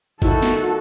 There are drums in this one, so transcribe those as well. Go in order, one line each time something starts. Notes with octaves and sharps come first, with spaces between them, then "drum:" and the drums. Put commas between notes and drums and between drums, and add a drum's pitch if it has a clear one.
D#3 A3 E4 F#4 A4, drum: kick G1
drum: snare